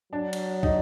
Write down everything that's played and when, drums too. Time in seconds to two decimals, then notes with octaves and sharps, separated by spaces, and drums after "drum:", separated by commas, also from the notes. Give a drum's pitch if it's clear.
0.13 F#3 D4
0.33 drum: cymbal
0.63 D#4, drum: kick